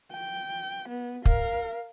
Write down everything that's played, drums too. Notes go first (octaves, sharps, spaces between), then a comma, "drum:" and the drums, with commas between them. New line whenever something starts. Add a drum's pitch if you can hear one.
G5
B3
A#4 F5, drum: kick